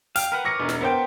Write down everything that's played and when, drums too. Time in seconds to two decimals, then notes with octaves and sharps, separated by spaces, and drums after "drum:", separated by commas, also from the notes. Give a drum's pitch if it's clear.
0.16 F5 G5, drum: hi-hat
0.32 A#4 B4 F#5
0.45 A#4 B4 C#5 D6 A#6 C#7
0.60 E1
0.69 drum: snare
0.81 B3 A#4 C5 G5